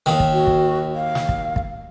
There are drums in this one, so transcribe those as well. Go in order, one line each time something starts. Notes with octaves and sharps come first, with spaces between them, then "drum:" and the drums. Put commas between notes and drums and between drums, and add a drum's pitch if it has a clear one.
D#2 D#3, drum: snare
drum: kick
F#4
drum: kick
F5
drum: snare
drum: kick
drum: kick